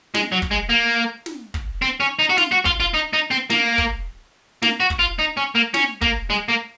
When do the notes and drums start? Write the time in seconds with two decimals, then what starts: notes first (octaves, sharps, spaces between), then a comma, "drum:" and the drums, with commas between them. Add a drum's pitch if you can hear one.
0.15 G#3, drum: snare
0.32 F#3
0.42 drum: kick
0.51 G#3
0.69 A#3
1.26 drum: snare
1.54 drum: kick
1.82 C4
2.00 C#4
2.19 D#4
2.30 F#4
2.38 F4, drum: snare
2.52 F#4
2.65 F4, drum: kick
2.80 F4
2.94 D#4
3.13 D#4
3.31 C4
3.50 A#3, drum: snare
3.78 drum: kick
4.62 A#3, drum: snare
4.80 F#4
4.90 drum: kick
4.99 F4
5.19 D#4
5.37 C#4
5.55 A#3
5.74 C#4, drum: snare
6.02 A#3, drum: kick
6.30 G#3
6.49 A#3